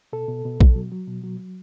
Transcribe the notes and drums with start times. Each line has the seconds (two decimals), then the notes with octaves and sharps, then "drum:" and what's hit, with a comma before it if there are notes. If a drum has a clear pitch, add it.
0.13 B2 A4
0.28 B2
0.45 B2
0.61 B2, drum: kick A#1
0.75 F#3
0.92 F#3
1.07 B2
1.24 F#3
1.39 F#3